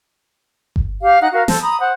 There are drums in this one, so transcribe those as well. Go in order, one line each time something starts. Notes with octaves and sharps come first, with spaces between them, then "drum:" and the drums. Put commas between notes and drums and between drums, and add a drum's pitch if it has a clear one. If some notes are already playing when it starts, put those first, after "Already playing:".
drum: kick G1
G4 F5
D#4 F#5 F#6
F#4 A#4 F5
A4 C5 A5, drum: snare
A#5 B5 D#6
C5 F#5